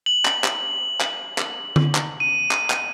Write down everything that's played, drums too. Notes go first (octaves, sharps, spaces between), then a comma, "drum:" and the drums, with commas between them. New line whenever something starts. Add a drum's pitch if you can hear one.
F#7
drum: clap
drum: clap
drum: clap
drum: clap
drum: tom D3
drum: clap
D#7
drum: clap
drum: clap